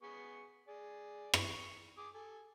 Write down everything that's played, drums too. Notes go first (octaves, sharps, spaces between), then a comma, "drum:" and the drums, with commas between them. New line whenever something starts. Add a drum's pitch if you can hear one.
B3 G#4 C#6
G#4 D5
D#3 C#6, drum: rim click
G#4 D6 D#6
A4 G#5